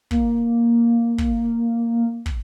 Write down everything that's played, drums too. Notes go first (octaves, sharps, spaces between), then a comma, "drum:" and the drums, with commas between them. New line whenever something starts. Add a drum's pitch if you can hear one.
A#3, drum: kick
drum: kick
drum: kick